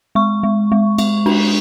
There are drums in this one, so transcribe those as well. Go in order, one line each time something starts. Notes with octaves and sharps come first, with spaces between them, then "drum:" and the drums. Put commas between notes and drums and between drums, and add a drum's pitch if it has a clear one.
G#3 C#6
G#3
G#3
G#3, drum: cymbal
D4, drum: cymbal